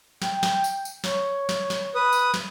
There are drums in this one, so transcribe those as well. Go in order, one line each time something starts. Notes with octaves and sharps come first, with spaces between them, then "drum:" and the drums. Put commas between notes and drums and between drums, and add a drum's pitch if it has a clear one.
G5, drum: snare
drum: snare
drum: tambourine
drum: tambourine
C#5, drum: snare
drum: snare
drum: snare
B4 D#6
drum: tambourine
drum: snare